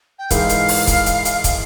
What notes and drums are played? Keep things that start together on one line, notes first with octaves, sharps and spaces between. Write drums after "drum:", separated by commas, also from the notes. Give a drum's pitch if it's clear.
G5
G#2 E3 G#3 E4 A#4 F5, drum: kick, hi-hat
drum: hi-hat
drum: open hi-hat
drum: kick, hi-hat
drum: hi-hat
drum: hi-hat
drum: kick, hi-hat